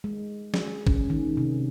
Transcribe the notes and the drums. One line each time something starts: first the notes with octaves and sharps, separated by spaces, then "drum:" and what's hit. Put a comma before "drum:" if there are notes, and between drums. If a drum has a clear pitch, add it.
G#3
G#4, drum: snare
C#4, drum: kick
D#3
C3